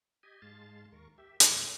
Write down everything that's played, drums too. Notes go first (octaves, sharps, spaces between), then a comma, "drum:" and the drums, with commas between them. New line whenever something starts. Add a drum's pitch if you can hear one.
G4 D#5 G#5
G#2 G#3 F5 A5 C6 A6
D#2 A#4 C#6
G4 E5
F2 B2 G3 A3, drum: hi-hat